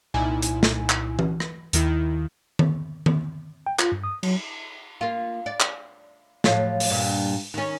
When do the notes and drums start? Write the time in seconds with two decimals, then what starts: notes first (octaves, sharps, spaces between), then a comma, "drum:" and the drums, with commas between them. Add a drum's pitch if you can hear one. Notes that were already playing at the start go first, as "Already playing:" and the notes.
0.14 C2 A#2 D#4 E4 G#5
0.42 drum: hi-hat
0.63 drum: snare
0.90 drum: clap
1.19 drum: tom E3
1.40 drum: rim click
1.73 D#2 D#3 E4, drum: hi-hat
2.59 drum: tom D#3
3.06 drum: tom D#3
3.66 G5
3.79 F4, drum: clap
3.92 G2
4.04 D#6
4.23 F#3, drum: cymbal
5.01 A#3 F4
5.46 D5
5.60 drum: clap
6.44 A2 F3 F#3, drum: snare
6.80 drum: open hi-hat
6.90 G2 A#2
7.54 D#3 C#4